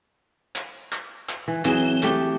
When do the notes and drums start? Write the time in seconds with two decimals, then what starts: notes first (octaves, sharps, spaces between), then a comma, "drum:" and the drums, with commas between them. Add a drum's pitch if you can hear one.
0.56 drum: clap
0.92 drum: clap
1.29 drum: clap
1.48 E3
1.65 E3 F#3 C4 G#4, drum: clap
2.03 A3 G4, drum: clap